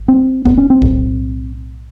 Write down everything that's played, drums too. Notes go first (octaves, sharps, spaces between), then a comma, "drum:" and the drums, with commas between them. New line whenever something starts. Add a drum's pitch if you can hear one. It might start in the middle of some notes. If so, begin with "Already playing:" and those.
Already playing: G#1
C4
B3, drum: kick D#1
C#4
C4
B1 A2, drum: kick D#1